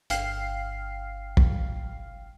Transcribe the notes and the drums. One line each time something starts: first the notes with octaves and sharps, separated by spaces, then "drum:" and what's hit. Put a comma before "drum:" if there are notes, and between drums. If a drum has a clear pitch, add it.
G1 F5 G5 F6 C7, drum: hi-hat
drum: kick